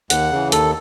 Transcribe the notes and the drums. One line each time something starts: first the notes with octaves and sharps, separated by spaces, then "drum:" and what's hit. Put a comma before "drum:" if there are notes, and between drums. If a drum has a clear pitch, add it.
D#2 F#5, drum: hi-hat
C#3 E3
D#2 A4, drum: hi-hat